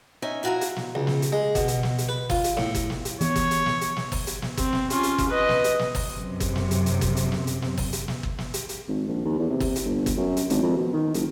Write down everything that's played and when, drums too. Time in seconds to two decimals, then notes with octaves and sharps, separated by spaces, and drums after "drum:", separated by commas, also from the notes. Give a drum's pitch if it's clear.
0.22 C#4 D#4 E5 G#5
0.43 F2 E4 F#4 F5 G#5 A#5
0.61 drum: hi-hat
0.76 drum: snare
0.95 C#2
1.07 drum: snare
1.22 drum: hi-hat
1.32 G#3
1.55 B2, drum: kick G1, hi-hat
1.68 drum: hi-hat
1.83 drum: snare
1.98 drum: hi-hat
2.09 B4
2.30 F4, drum: kick G1, open hi-hat
2.44 drum: hi-hat
2.57 A2, drum: snare
2.75 drum: kick G1, hi-hat
2.90 drum: snare
3.05 drum: hi-hat
3.21 E3 B3 C#5, drum: hi-hat
3.36 drum: kick G1, hi-hat
3.51 drum: hi-hat
3.66 drum: snare
3.81 drum: hi-hat
3.97 drum: snare
4.12 drum: kick G1, open hi-hat
4.27 drum: hi-hat
4.42 drum: snare
4.57 C4, drum: kick G1, hi-hat
4.73 drum: snare
4.90 C#4 F4, drum: hi-hat
5.03 drum: hi-hat
5.18 drum: kick G1, hi-hat
5.30 B4 D#5
5.49 drum: snare
5.64 drum: hi-hat
5.79 drum: snare
5.95 drum: kick G1, open hi-hat
6.16 F#2 C3
6.40 drum: kick G1, hi-hat
6.56 drum: snare
6.71 drum: hi-hat
6.86 drum: hi-hat
7.01 drum: kick G1, hi-hat
7.17 drum: hi-hat
7.32 drum: snare
7.47 drum: hi-hat
7.62 drum: snare
7.78 drum: kick G1, open hi-hat
7.93 drum: hi-hat
8.08 drum: snare
8.23 drum: kick G1
8.38 drum: snare
8.54 drum: hi-hat
8.69 drum: hi-hat
8.88 G#1
9.08 A#1
9.25 D#2
9.39 E2
9.50 C3
9.60 drum: kick G1, open hi-hat
9.76 drum: hi-hat
9.86 G1
10.06 drum: kick G1, hi-hat
10.17 F#2
10.37 drum: hi-hat
10.50 G#1, drum: hi-hat
10.63 F2
10.77 B2
10.93 D#3
11.14 F#1, drum: hi-hat